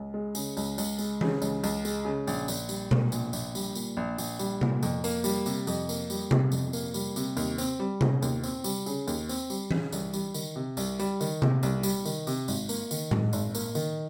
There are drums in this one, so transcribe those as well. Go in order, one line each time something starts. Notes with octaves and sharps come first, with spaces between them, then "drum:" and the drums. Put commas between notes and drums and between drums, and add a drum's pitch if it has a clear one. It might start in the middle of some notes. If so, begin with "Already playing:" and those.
Already playing: C#2
G#3
C#3, drum: tambourine
C#2, drum: tambourine
C#2, drum: tambourine
G#3, drum: tambourine
C#3, drum: tom E3
C#2, drum: tambourine
C#2, drum: tambourine
G#3, drum: tambourine
C#3
A#1, drum: tambourine
A#1, drum: tambourine
G3, drum: tambourine
A#2, drum: tom B2
A#1, drum: tambourine
A#1, drum: tambourine
G3, drum: tambourine
A#2, drum: tambourine
A#1
A#1, drum: tambourine
G3, drum: tambourine
A#2, drum: tom C3
F2, drum: tambourine
A#3, drum: tambourine
G3, drum: tambourine
C3, drum: tambourine
F2, drum: tambourine
A#3, drum: tambourine
G3, drum: tambourine
C3, drum: tom C3
F2, drum: tambourine
A#3, drum: tambourine
G3, drum: tambourine
C3, drum: tambourine
D#2, drum: tambourine
C4, drum: tambourine
G3
C#3, drum: tom C3
D#2, drum: tambourine
C4, drum: tambourine
G3, drum: tambourine
C#3, drum: tambourine
D#2, drum: tambourine
C4, drum: tambourine
G3, drum: tambourine
C#3, drum: tom E3
C2, drum: tambourine
G3, drum: tambourine
D#3, drum: tambourine
C3
C2, drum: tambourine
G3, drum: tambourine
D#3, drum: tambourine
C3, drum: tom C3
C2, drum: tambourine
G3, drum: tambourine
D#3, drum: tambourine
C3, drum: tambourine
G#1, drum: tambourine
A#3, drum: tambourine
D#3, drum: tambourine
G#2, drum: tom A2
G#1, drum: tambourine
A#3, drum: tambourine
D#3, drum: tambourine